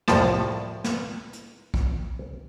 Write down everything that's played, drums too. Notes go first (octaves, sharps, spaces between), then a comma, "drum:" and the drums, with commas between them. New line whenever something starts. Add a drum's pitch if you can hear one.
C2 F2 A2 F3 A5, drum: snare
drum: snare
drum: hi-hat
drum: kick B1